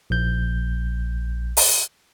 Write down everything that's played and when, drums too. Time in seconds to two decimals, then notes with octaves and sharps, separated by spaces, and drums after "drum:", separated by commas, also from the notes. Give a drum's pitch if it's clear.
0.10 A#1 G6
1.57 drum: open hi-hat